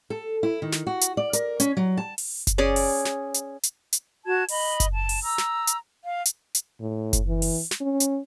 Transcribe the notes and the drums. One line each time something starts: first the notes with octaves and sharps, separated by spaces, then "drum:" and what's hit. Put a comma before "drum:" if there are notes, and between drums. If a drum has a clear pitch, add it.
A4
E4
D#3
drum: snare
F#4
drum: hi-hat
D5
A#4, drum: hi-hat
C#4, drum: hi-hat
F#3
A5
drum: open hi-hat
drum: kick F#1, hi-hat
C#4 G#4 D5
drum: open hi-hat
drum: snare
drum: hi-hat
drum: hi-hat
drum: hi-hat
F#4 A5 G#6
D#5 B5, drum: open hi-hat
drum: kick F#1, hi-hat
A5
drum: open hi-hat
A#5 E6
drum: snare
drum: hi-hat
F5
drum: hi-hat
drum: hi-hat
A2
drum: kick F#1, hi-hat
E3
drum: open hi-hat
drum: snare
C#4
drum: hi-hat